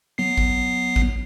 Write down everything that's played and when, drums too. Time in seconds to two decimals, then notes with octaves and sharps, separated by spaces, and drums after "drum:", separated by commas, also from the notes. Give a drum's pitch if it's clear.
0.18 F#3 B3 C7
0.38 drum: kick A1
0.96 drum: kick A1